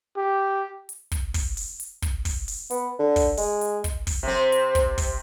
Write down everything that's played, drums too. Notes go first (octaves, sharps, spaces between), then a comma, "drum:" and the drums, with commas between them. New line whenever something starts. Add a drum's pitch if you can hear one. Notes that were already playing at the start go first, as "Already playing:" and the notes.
G4
drum: hi-hat
drum: kick, hi-hat
drum: kick, open hi-hat
drum: open hi-hat
drum: hi-hat
drum: kick, hi-hat
drum: kick, open hi-hat
drum: open hi-hat
B3, drum: hi-hat
D3
drum: kick, open hi-hat
G#3, drum: open hi-hat
drum: hi-hat
drum: kick, hi-hat
drum: kick, open hi-hat
C3 C4
drum: hi-hat
drum: kick, hi-hat
drum: kick, open hi-hat